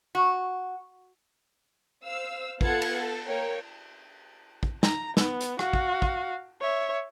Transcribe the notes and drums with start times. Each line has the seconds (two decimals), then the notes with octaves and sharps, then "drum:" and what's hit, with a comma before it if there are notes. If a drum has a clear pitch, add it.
0.15 F#4
2.04 C5 F5 E6
2.61 B3 F4 A4 F#5 G#6 C#7, drum: kick
2.82 drum: cymbal
2.96 A4
3.28 A#3 A#4 C#5 G5
4.63 drum: kick
4.83 A#5, drum: snare
5.17 B3, drum: snare
5.41 drum: hi-hat
5.59 F#4 F5, drum: rim click
5.73 drum: kick
6.02 drum: kick
6.61 C#5 E5